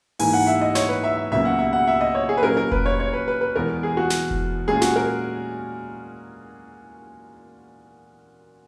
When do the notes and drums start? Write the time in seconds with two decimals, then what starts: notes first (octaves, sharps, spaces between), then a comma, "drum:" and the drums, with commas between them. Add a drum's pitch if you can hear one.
0.19 G#2 E3 A#3 G#5, drum: open hi-hat
0.33 F#5
0.47 E5
0.61 D#5
0.75 C#5, drum: snare
0.89 B4
1.04 E5
1.17 E5
1.31 C#2 B2 F#3 A#3 C#4 E5
1.45 F#5
1.59 E5
1.73 F#5
1.87 E5
2.01 D#5
2.15 C#5
2.29 G#4
2.37 B4
2.43 A#2 F#3 C#4 A#4
2.57 A#4
2.72 B4, drum: kick F1
2.86 C#5
3.00 C#5
3.13 B4
3.28 B4
3.41 B4
3.56 E2 B2 G#3 B3 A#4
3.83 G#4
3.97 F#4
4.10 drum: snare
4.31 drum: kick F1
4.68 A#2 G#3 C#4 G#4
4.82 F#4, drum: snare
4.96 A#4